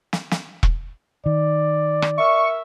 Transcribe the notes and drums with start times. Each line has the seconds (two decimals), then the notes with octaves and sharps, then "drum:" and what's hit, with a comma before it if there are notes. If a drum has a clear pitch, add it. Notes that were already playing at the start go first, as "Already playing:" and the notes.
0.13 drum: snare
0.31 drum: snare
0.63 drum: kick E1
1.26 D#3 D5
2.02 drum: rim click
2.18 A#4 E5 C#6